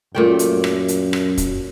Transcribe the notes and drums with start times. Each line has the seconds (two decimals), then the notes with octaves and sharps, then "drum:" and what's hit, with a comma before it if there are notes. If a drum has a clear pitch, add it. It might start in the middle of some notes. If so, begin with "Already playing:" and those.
0.15 F#2 A#2 A3 G5
0.39 drum: hi-hat
0.64 drum: rim click
0.88 drum: hi-hat
1.13 drum: rim click
1.38 drum: kick, hi-hat